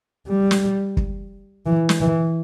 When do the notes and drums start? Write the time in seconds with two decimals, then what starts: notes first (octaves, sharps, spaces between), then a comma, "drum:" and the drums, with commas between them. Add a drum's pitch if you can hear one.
0.28 G3
0.51 drum: snare
0.97 drum: kick
1.66 E3
1.89 drum: snare
2.01 E3